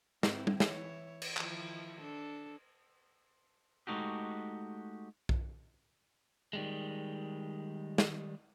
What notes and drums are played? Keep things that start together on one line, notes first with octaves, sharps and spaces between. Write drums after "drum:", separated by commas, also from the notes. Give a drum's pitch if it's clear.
G#2 C4 E4, drum: snare
drum: tom G3
E3 E4 C#5, drum: snare
drum: cymbal
D#3 F3 E4, drum: clap
D4 A4
G#3 A3 D#4 F#4 G4
drum: kick B1
D#3 G3 G#3
drum: snare